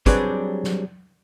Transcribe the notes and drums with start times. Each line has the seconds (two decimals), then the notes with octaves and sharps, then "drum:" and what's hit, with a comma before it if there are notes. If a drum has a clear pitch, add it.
0.06 F#3 G3 C4 D4 G#4 B4, drum: kick, hi-hat
0.64 drum: snare